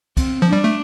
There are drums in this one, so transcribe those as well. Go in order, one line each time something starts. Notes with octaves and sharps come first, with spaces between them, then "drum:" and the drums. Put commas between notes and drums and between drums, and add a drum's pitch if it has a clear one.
C4, drum: kick, cymbal
F3 D4
G3
A3